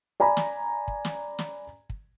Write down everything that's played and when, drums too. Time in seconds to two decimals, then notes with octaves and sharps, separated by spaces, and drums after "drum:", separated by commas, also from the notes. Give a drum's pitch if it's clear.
0.20 D5 G#5 A#5 B5
0.37 drum: snare
0.88 drum: kick
1.05 drum: snare
1.39 drum: snare
1.90 drum: kick